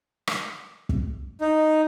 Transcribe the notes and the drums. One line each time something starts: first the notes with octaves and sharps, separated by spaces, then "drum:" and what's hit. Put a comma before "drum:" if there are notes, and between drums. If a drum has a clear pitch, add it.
drum: rim click
drum: kick
D#4